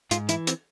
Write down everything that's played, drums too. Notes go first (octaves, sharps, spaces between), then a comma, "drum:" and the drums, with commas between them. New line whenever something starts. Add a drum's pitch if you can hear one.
G#2 F4, drum: hi-hat
E3 E4, drum: hi-hat
C4, drum: hi-hat